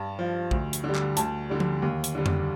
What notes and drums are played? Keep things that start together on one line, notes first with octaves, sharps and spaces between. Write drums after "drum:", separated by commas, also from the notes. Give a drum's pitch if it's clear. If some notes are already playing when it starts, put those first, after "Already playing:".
Already playing: G2 A5
F3
D2, drum: kick A#1
drum: hi-hat
D3 G3
drum: clap
D2 A5, drum: hi-hat
D3 G3
drum: tom F3
D#2
drum: hi-hat
D3 G3
drum: tom F2